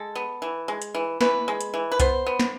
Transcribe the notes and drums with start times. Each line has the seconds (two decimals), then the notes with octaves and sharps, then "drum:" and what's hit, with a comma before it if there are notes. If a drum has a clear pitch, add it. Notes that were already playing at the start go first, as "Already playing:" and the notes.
Already playing: G#3 A4
0.15 B3
0.42 E3
0.68 G#3
0.82 drum: hi-hat
0.94 E3
1.21 E3 B4, drum: snare
1.48 G#3
1.61 drum: hi-hat
1.74 E3
1.92 B4
2.00 B3 C5, drum: kick C2, hi-hat
2.26 B3
2.40 drum: snare